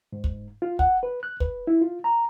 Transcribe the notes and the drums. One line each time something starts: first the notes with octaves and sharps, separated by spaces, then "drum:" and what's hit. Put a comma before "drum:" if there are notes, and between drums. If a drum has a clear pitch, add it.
G#2
drum: kick
F4
F#5, drum: kick
B4
F#6
B4, drum: kick
E4
F4
A#5